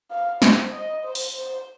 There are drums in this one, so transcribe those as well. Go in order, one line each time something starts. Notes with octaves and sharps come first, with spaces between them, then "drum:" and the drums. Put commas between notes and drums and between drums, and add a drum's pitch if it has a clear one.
F5
C5, drum: snare
D#5
C5
drum: open hi-hat
C5